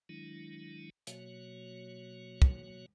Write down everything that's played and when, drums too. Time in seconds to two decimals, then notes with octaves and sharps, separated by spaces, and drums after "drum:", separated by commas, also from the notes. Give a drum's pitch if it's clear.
0.09 D#3 F#3 G#3 D4 E4
1.07 B2 F#3 A#3 F#4 C#5, drum: hi-hat
2.42 drum: kick